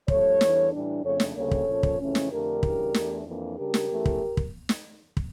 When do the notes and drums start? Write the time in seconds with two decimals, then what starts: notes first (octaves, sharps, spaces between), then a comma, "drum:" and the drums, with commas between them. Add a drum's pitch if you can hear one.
0.08 G2 F3 A3 A4 C#5, drum: kick
0.41 E2 E3 G3 D4, drum: snare
0.72 A2 E3 G3 D4
1.04 F2 C#3 F3 A3 D4 A4 C#5
1.20 drum: snare
1.35 D2 C#3 G3 A#3 A4 C#5
1.51 drum: kick
1.68 A#2 F3 C#4
1.83 drum: kick
2.00 F2 C#3 E3 A3 C#4
2.15 drum: snare
2.30 F2 D3 A3 D4 G4 A#4
2.63 C#3 E3 G3 D4, drum: kick
2.94 E2 E3 A3 D4, drum: snare
3.26 F2 E3 A#3 D4
3.58 C#3 G3 D4 G4 A#4
3.74 drum: snare
3.89 E2 E3 A3 C#4
4.05 drum: kick
4.37 drum: kick
4.69 drum: snare
5.17 drum: kick